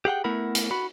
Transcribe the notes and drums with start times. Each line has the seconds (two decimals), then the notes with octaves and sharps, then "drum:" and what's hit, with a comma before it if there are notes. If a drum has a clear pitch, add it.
0.05 G4 G#4 F#5 G5
0.24 A3 B3 E4 A#4 F#5 B5
0.55 drum: hi-hat
0.71 F#4 B5